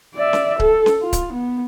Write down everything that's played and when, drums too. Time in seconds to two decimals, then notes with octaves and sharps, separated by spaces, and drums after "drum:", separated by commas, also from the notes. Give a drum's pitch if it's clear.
0.15 D5 E5
0.33 drum: snare C#4
0.60 A4, drum: kick C#1
0.86 drum: snare C#4
1.02 F4
1.13 drum: kick C#1, hi-hat
1.33 B3